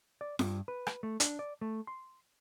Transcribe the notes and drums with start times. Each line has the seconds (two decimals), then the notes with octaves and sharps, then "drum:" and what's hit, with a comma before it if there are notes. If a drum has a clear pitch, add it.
0.21 D5
0.39 G2, drum: snare F4
0.68 B4
0.87 drum: rim click
1.03 A3
1.20 D4, drum: hi-hat
1.39 D5
1.61 A3
1.87 C6